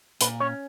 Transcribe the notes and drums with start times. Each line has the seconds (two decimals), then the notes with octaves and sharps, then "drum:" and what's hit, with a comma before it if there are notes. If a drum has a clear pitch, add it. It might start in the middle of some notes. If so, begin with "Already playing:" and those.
0.21 A#2 B4, drum: hi-hat
0.40 C#4 C#5